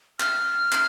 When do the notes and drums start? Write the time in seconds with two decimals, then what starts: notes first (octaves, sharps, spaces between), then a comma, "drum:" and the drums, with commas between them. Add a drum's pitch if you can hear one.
0.20 F6, drum: clap
0.72 drum: clap